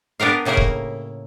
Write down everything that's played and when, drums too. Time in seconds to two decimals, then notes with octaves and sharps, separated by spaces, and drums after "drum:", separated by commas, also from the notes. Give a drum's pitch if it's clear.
0.20 B3 D4 G4 A#4 F5
0.45 A2 C#3 A#3 E4 A#4
0.57 drum: kick E1